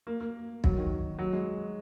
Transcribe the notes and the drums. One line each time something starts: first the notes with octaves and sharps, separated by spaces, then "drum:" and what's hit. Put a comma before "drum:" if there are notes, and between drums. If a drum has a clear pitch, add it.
A#3
A#3
F#3, drum: kick
D#3
F#3
G#3